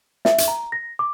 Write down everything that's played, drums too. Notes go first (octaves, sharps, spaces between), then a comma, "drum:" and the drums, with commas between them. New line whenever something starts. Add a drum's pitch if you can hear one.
E5, drum: snare
drum: hi-hat
A#5
A#6
D6